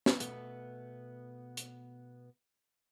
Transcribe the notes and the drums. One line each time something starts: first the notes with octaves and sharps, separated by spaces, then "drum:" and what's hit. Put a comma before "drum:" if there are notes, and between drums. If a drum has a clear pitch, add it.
drum: snare
B2 A3 B3, drum: hi-hat
drum: hi-hat